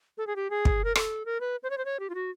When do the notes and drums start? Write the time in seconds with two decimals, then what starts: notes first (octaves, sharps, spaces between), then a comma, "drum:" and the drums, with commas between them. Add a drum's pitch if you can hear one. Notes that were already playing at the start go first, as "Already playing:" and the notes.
0.18 A4
0.27 G#4
0.36 G4
0.50 G#4
0.65 drum: kick
0.84 A#4
0.95 A4, drum: rim click
1.25 A#4
1.40 B4
1.63 C5
1.70 C#5
1.78 C5
1.85 C#5
2.00 G4
2.10 F4
2.15 F#4